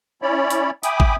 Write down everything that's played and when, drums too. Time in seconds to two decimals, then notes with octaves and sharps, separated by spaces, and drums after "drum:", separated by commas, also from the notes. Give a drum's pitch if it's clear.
0.22 C#4 E4 C#5 D5 B5
0.50 drum: hi-hat
0.83 E5 G5 G#5 B5 D6 D#6, drum: hi-hat
1.00 drum: kick